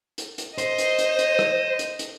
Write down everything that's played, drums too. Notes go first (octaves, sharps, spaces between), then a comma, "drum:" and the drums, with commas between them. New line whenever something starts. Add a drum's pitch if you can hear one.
drum: hi-hat
drum: hi-hat
C5 D#5, drum: hi-hat
drum: hi-hat
drum: hi-hat
drum: hi-hat
drum: rim click
drum: hi-hat
drum: hi-hat